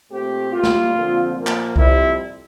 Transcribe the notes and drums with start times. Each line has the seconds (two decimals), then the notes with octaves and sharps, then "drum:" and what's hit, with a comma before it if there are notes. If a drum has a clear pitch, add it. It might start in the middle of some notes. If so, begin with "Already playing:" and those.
0.11 A#2 A3 C4 G4
0.52 A2 G3 A#3 F4
0.63 drum: snare
0.93 F2 D3 F3 C4
1.35 A#2 F3 A#3
1.47 drum: clap
1.76 F2 C3 G3 C4 E4, drum: kick C2